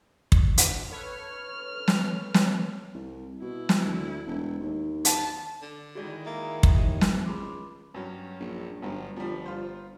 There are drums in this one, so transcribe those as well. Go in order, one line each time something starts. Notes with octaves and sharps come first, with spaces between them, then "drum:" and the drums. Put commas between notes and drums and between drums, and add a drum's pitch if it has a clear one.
drum: kick
drum: hi-hat
A4 B4 C#5 F6
drum: snare
drum: snare
C2
B2 E4
drum: snare
D2
E1
D#2
A5, drum: hi-hat
D3
D#3 G#3 E4 F#4 G#4 D5
A#3 E5
drum: kick
D#2
drum: snare
C#2 B5 C6 D6
G2 F#3 C#4
A#1
G1 G2 F#3
G1 F3 G3
F4 C5